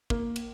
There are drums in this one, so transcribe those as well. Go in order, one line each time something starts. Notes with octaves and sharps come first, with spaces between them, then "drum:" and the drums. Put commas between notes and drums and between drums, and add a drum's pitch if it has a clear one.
A#3, drum: kick
drum: cymbal